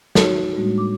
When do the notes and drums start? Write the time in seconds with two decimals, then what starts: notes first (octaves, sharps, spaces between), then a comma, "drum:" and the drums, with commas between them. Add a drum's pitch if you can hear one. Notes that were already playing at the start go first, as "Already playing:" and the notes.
0.15 D#4 F#4 C#5, drum: snare
0.56 A2 G3 G#3 A#3 D4 F#4
0.78 D6